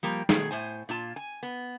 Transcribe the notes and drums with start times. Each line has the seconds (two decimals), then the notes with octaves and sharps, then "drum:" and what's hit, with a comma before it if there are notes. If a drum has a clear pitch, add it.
0.03 F3 G3 A#3
0.29 B2 D#3 A3 G#4, drum: snare
0.51 A2 C5 G#5
0.89 A#2 F4 A5
1.16 G#5
1.43 B3